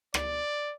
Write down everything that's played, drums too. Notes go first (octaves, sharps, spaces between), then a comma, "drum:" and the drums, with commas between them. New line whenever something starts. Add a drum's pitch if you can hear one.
D5, drum: rim click